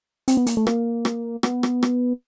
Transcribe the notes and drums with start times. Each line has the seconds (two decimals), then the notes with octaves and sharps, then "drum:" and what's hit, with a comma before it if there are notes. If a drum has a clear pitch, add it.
0.28 C4, drum: hi-hat
0.37 B3
0.47 A#3, drum: hi-hat
0.57 A3
0.67 A#3, drum: rim click
1.05 drum: rim click
1.43 B3, drum: rim click
1.63 drum: rim click
1.83 drum: rim click